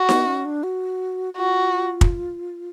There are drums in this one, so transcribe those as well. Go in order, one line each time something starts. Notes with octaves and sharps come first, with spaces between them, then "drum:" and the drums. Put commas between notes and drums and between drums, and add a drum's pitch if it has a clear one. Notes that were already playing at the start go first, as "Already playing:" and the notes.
Already playing: F#4
B3, drum: snare D#4
C#4
D4
F#4
F4 F#4
drum: kick